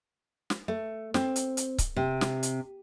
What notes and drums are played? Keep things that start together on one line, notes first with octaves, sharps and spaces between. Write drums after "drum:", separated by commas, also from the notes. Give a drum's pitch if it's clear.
drum: snare
A3
C4, drum: snare
drum: hi-hat
drum: hi-hat
drum: kick C#1, hi-hat
C3
drum: snare
drum: hi-hat